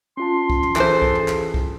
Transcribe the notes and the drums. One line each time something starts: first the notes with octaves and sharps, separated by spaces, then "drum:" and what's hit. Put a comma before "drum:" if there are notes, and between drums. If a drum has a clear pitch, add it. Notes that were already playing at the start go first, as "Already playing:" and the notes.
C#4 F4 A5 C6
drum: kick
drum: tom
E3 G#4 A4 C5, drum: clap
drum: kick
drum: tom
drum: clap
drum: kick